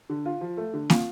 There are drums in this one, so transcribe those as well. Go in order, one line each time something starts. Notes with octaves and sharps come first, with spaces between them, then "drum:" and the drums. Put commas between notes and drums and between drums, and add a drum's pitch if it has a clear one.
D3
F4
F3
A3
D3
F4, drum: snare